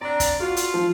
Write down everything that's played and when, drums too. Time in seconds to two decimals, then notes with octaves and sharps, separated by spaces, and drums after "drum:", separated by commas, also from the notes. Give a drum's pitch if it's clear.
0.01 C4 D4 D5 A#5
0.20 drum: kick, hi-hat
0.40 F4 F#4
0.57 drum: hi-hat
0.74 F3